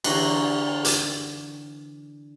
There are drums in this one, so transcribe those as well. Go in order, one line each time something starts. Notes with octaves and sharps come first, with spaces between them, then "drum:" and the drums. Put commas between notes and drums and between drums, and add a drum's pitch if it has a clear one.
D3 E3 F#4 A#5 C6, drum: cymbal
drum: hi-hat